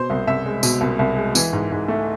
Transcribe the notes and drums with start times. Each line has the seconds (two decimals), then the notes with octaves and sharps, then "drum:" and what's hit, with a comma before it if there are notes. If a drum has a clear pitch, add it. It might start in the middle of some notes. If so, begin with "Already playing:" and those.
Already playing: B2 C5 C6
0.10 C2
0.27 C2 E5 E6
0.46 G#3
0.63 B2, drum: tambourine
0.81 C2
0.99 C2
1.17 G#3
1.35 E3, drum: tambourine
1.53 G#2
1.72 G#2
1.88 A3